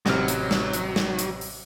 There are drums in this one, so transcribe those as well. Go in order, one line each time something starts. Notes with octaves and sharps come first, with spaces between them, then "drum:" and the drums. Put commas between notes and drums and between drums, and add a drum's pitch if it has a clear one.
A1 C3 F#3 F6, drum: snare
drum: hi-hat
drum: snare
drum: hi-hat
drum: snare
drum: hi-hat
drum: open hi-hat